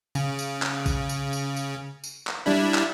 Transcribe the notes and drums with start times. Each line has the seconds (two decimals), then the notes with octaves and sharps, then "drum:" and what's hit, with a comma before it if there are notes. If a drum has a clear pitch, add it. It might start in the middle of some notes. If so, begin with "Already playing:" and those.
0.15 C#3, drum: tambourine
0.39 drum: tambourine
0.62 drum: clap
0.86 drum: kick A1, tambourine
1.09 drum: tambourine
1.33 drum: tambourine
1.56 drum: tambourine
2.04 drum: tambourine
2.27 drum: clap
2.46 G3 D4 E4
2.74 drum: clap